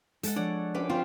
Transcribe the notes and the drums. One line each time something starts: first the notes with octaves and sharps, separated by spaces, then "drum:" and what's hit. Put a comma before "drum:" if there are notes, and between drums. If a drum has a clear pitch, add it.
G#3 A4 F#5, drum: hi-hat
F3 D4 C#5 D5 F#5
C#4 B5 D6, drum: cymbal
C4 F4 C5 F5